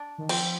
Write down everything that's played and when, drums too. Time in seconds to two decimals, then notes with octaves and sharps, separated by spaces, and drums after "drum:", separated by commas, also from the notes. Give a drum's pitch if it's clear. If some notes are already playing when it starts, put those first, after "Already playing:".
Already playing: D4
0.18 D#3
0.29 F3 C4, drum: cymbal